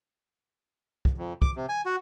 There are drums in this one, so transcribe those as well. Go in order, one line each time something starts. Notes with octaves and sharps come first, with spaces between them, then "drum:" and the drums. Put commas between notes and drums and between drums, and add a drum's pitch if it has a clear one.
drum: kick
F2
D6, drum: kick
C3
G#5
F#4